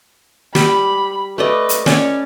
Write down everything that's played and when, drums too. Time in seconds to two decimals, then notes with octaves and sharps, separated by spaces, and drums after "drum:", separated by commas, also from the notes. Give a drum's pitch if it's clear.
0.55 G3 B5, drum: snare
1.38 A3 B4 D5 D#5
1.69 drum: hi-hat
1.86 C#4 C#5 D5, drum: snare